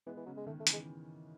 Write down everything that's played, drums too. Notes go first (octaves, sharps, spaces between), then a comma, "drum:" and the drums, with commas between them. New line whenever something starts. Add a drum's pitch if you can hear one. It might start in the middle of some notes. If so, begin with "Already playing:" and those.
E3 G#3 B3
E3
C#3 F#3
G#3
D#3 A3
A3
C#3 E3, drum: hi-hat
G#3